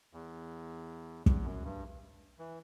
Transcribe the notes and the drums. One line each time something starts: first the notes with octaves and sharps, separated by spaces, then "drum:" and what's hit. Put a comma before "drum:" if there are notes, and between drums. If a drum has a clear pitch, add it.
E2
E2, drum: kick
F#2
G2
E3